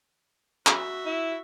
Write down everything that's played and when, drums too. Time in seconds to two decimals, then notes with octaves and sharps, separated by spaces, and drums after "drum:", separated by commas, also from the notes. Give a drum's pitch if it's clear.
0.67 F#4 E5, drum: clap
1.06 E4